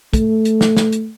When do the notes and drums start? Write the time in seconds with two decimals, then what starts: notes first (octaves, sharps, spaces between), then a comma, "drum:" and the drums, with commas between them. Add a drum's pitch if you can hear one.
0.13 A3, drum: kick, hi-hat
0.45 drum: hi-hat
0.61 drum: snare
0.77 drum: snare
0.92 drum: hi-hat